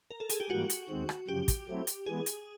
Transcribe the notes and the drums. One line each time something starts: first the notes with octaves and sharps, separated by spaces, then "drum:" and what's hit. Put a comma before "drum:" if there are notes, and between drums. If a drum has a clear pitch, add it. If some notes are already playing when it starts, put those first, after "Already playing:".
A#4
A4
G#4, drum: hi-hat
G4
G#2 E3 G3 A#3 F#4
drum: hi-hat
D#2 D#3 G#3 C4
drum: rim click
F#2 C#3 F3 G4
drum: kick, hi-hat
F#3 A3 C4 E4
drum: hi-hat
E3 G#3 B3 G#4
drum: hi-hat